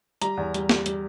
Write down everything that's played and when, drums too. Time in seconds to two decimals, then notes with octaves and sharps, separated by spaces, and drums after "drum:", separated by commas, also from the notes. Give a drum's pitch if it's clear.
0.22 G3 A#5, drum: hi-hat
0.37 E2
0.54 G3, drum: hi-hat
0.69 G3, drum: snare
0.86 G3, drum: hi-hat